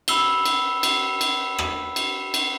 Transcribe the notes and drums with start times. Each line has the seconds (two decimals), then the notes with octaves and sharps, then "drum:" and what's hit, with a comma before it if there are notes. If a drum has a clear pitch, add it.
0.08 B5 E6 G7, drum: cymbal
0.45 drum: cymbal
0.83 drum: cymbal
1.21 drum: cymbal
1.58 drum: rim click
1.96 drum: cymbal
2.34 drum: cymbal